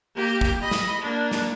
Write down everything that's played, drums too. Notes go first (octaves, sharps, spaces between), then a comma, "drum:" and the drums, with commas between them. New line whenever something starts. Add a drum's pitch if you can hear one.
A#3 G4
drum: kick
D#5 B5
drum: snare
A#3 D4
drum: snare